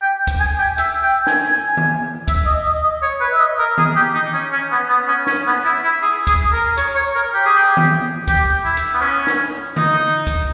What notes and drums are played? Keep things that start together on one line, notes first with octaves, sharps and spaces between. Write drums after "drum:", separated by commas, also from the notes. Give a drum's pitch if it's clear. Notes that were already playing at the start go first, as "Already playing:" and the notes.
G5
drum: kick, hi-hat
G#5
G5
E5, drum: hi-hat
G5
G#5, drum: snare
G#5
drum: tom D#3
E5, drum: kick, hi-hat
D#5
D#5
D#5
C#5
B4
E5
D#5
A#4
G#4, drum: tom D#3
G4
D#4
C#4
C#4
B3
B3
C#4
C#4, drum: snare
B3
E4
E4
G#4
G#4, drum: kick, hi-hat
A#4
C#5, drum: hi-hat
C#5
A#4
G4
G#4
G4
drum: tom D#3
G4, drum: kick, hi-hat
E4
drum: hi-hat
B3
C#4
drum: snare
D#4, drum: tom D3
drum: kick, hi-hat